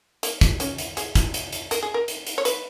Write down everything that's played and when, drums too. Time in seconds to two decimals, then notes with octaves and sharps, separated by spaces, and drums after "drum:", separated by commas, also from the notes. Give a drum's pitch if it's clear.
0.23 A#3, drum: hi-hat
0.41 drum: kick, hi-hat
0.60 C#4, drum: hi-hat
0.78 drum: hi-hat
0.97 G#4, drum: hi-hat
1.15 drum: kick, hi-hat
1.34 drum: hi-hat
1.52 drum: hi-hat
1.71 A#4, drum: hi-hat
1.83 G#4
1.94 A#4
2.08 drum: hi-hat
2.27 drum: hi-hat
2.38 C#5
2.45 B4, drum: hi-hat